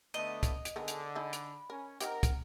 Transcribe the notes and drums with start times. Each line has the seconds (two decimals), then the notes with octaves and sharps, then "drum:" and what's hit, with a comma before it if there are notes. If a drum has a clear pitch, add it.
0.14 D3 A3 B3 D#4 D#5
0.43 drum: kick, hi-hat
0.65 drum: hi-hat
0.76 D3 D#3 B3 G#4 A#4
0.88 drum: hi-hat
1.15 D#4 G#4 A4 B5
1.33 drum: hi-hat
1.70 C#4 A#4
2.00 C4 D#4 G4 A#4 F#5, drum: hi-hat
2.23 drum: kick, hi-hat